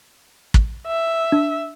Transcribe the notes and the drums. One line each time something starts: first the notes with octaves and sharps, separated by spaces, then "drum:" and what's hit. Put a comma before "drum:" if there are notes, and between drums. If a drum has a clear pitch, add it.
drum: kick
E5
D4